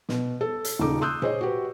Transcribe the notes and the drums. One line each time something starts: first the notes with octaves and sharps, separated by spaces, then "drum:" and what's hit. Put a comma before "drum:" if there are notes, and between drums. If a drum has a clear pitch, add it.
B2, drum: snare
A4
drum: hi-hat
D#1 A#2 C#3 D#4 D6
C6 D#6 E6 F#6 G6
G#4 C5 C#5 D#5, drum: tom A#2
F#4 G4 B4